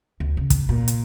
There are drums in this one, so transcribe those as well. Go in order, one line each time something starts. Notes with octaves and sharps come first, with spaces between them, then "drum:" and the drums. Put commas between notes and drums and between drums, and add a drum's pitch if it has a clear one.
D2
C#3
drum: kick, hi-hat
A#2
drum: hi-hat